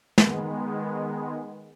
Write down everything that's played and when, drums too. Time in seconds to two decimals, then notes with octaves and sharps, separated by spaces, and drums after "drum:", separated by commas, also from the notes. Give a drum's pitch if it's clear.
0.18 D#3 G#3 B3, drum: snare